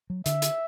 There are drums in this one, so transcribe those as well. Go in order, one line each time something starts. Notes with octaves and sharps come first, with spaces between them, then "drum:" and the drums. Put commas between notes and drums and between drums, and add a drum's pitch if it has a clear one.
F#3
D3 E5, drum: hi-hat
drum: hi-hat